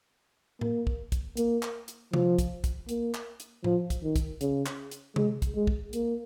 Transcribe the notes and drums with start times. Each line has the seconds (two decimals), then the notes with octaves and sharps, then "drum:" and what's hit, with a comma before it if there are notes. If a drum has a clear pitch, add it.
0.61 A#3, drum: tom A2
0.87 drum: kick
1.12 drum: kick, hi-hat
1.37 A#3, drum: hi-hat
1.63 drum: clap
1.88 drum: hi-hat
2.14 F3, drum: tom C3
2.39 drum: kick, hi-hat
2.64 drum: kick, hi-hat
2.89 A#3, drum: hi-hat
3.14 drum: clap
3.40 drum: hi-hat
3.64 F3, drum: tom A2
3.90 drum: kick, hi-hat
4.03 D#3
4.16 drum: kick, hi-hat
4.41 C#3, drum: hi-hat
4.66 drum: clap
4.91 drum: hi-hat
5.16 G#3, drum: tom C3
5.42 drum: kick, hi-hat
5.55 G#3
5.67 drum: kick
5.93 A#3, drum: hi-hat